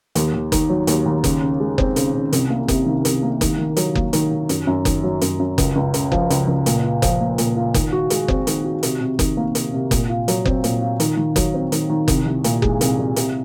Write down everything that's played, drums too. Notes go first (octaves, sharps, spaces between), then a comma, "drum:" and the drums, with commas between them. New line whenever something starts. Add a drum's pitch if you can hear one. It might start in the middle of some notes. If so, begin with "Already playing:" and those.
D#2, drum: hi-hat
D#2
D#3, drum: kick F#1, hi-hat
F#3
D#2, drum: hi-hat
D#2
C#3, drum: kick F#1, hi-hat
C#3
G#3
C4, drum: kick F#1
C#3, drum: hi-hat
C#3
C2, drum: hi-hat
A#3
C3, drum: kick F#1, hi-hat
D#3
C2, drum: hi-hat
A#3
D#3, drum: kick F#1, hi-hat
D#3
F#3, drum: hi-hat
A#3, drum: kick F#1
D#3, drum: hi-hat
D#3
F#2, drum: hi-hat
F#2
D#3, drum: kick F#1, hi-hat
F#3
F#2, drum: hi-hat
F#2
C#2, drum: kick F#1, hi-hat
C#2
C#3, drum: hi-hat
F3, drum: kick F#1
C#2, drum: hi-hat
C#2
A#2, drum: hi-hat
F4
F3, drum: kick F#1, hi-hat
A#3
A#2, drum: hi-hat
F4
D#3, drum: kick F#1, hi-hat
F#4
G#3, drum: hi-hat
C4, drum: kick F#1
D#3, drum: hi-hat
F#4
C3, drum: hi-hat
C3
D#3, drum: kick F#1, hi-hat
A#3
C3, drum: hi-hat
C3
A#2, drum: kick F#1, hi-hat
F4
F#3, drum: hi-hat
C4, drum: kick F#1
A#2, drum: hi-hat
F4
D#3, drum: hi-hat
D#3
F#3, drum: kick F#1, hi-hat
C4
D#3, drum: hi-hat
D#3
C2, drum: kick F#1, hi-hat
C2
A#2, drum: hi-hat
G#3, drum: kick F#1
C2, drum: hi-hat
C2
C3, drum: hi-hat